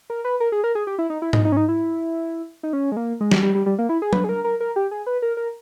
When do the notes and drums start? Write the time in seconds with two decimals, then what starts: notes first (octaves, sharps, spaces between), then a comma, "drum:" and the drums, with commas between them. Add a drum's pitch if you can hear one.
0.10 A#4
0.25 B4
0.40 A#4
0.52 G#4
0.64 A#4
0.75 G#4
0.87 G4
0.99 E4
1.10 D#4
1.22 E4
1.33 D#4, drum: tom G#2
1.45 D#4
1.52 C#4
1.57 D#4
1.68 E4
2.63 D#4
2.73 C#4
2.92 G#3
2.97 A#3
3.21 G#3
3.31 G3, drum: snare
3.43 G3
3.55 G3
3.66 G3
3.79 A#3
3.89 E4
4.02 G#4
4.13 B4, drum: tom F#3
4.24 G#4
4.29 A#4
4.44 A#4
4.60 A#4
4.76 G4
4.91 G#4
5.06 B4
5.22 A#4
5.37 A#4